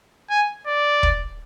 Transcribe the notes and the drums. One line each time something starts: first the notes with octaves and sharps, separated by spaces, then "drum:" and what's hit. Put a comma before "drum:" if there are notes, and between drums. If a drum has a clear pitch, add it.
G#5
D5
drum: kick